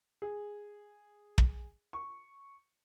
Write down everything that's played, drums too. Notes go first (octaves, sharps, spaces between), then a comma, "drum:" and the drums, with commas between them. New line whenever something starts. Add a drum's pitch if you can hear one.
G#4
drum: kick
C#6